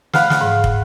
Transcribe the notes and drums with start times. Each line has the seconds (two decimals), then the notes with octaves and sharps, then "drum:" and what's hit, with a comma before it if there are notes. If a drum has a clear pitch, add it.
0.13 F5 F#5 B5, drum: snare
0.30 drum: snare
0.41 G#2
0.64 drum: kick